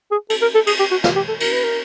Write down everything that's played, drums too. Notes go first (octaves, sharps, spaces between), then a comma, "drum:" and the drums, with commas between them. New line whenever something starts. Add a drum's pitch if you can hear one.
G#4
A4, drum: cymbal
A#4
A4
G#4, drum: cymbal
G4
F#4
F4, drum: snare
G4
A4
A#4, drum: cymbal
B4
A#4